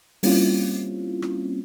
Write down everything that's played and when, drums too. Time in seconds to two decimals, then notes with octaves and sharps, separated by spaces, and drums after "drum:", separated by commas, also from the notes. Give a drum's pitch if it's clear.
0.23 G3 A#3 C4 C#4 E4 F4, drum: open hi-hat
1.22 drum: rim click